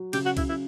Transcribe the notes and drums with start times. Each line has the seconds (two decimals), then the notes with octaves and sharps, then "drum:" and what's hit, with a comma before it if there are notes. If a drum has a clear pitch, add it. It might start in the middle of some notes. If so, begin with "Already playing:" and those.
Already playing: F#3
0.13 C#3 G4, drum: cymbal
0.25 F#4
0.37 C#3 E4, drum: kick C2, cymbal
0.49 E4